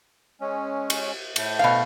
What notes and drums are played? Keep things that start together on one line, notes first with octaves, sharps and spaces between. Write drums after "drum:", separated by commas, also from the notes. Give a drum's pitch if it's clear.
G#3 C#4
drum: cymbal
A2 A3 G6, drum: cymbal
B2 F5